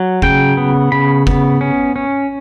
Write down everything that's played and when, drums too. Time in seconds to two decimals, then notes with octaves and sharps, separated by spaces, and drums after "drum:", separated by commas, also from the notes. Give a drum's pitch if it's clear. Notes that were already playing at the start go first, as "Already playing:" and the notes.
Already playing: F#3
0.22 C#3 G5, drum: kick F#1
0.57 B3
0.92 C#3 B5
1.27 B3, drum: kick F#1
1.61 C#4
1.96 C#4